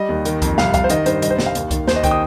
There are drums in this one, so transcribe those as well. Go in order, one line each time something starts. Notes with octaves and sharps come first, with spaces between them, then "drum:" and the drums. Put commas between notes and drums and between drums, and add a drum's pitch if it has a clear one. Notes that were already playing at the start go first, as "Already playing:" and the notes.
Already playing: G3 D#5
D#2
D#3, drum: hi-hat
F2, drum: kick C2, hi-hat
C2 F5, drum: snare
C2 F5, drum: kick C2, hi-hat
C5
D#3 D#5, drum: hi-hat
G2 C5, drum: hi-hat
C2 D#5, drum: hi-hat
C5
C2 D#5, drum: snare
F5
D#2, drum: hi-hat
D#3, drum: kick C2, hi-hat
D#2 C5, drum: snare
D#5
D#3 G5, drum: kick C2, hi-hat
D#6